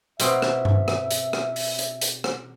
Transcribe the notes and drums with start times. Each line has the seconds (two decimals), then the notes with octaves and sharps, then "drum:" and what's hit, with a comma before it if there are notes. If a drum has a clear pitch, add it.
0.20 B2 C4 E5, drum: hi-hat
0.42 drum: rim click
0.65 drum: tom G2
0.88 drum: rim click
1.11 drum: hi-hat
1.33 drum: rim click
1.56 drum: open hi-hat
1.79 drum: hi-hat
2.01 drum: hi-hat
2.24 drum: rim click